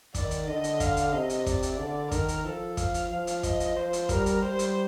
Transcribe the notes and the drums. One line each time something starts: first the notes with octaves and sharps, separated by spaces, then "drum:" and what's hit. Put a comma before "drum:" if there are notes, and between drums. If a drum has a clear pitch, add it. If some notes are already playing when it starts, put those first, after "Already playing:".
D#3 D5, drum: kick, hi-hat
drum: hi-hat
D3 D#5
drum: hi-hat
F5, drum: kick, hi-hat
drum: hi-hat
C3 D#5
drum: hi-hat
D5, drum: kick, hi-hat
drum: hi-hat
D3
D#3 A#4, drum: kick, hi-hat
drum: hi-hat
F3 A4
F5, drum: kick, hi-hat
drum: hi-hat
F3
drum: hi-hat
D#5, drum: kick, hi-hat
drum: hi-hat
F3 C5
drum: hi-hat
G3 A#4, drum: kick, hi-hat
drum: hi-hat
G3 C5
drum: hi-hat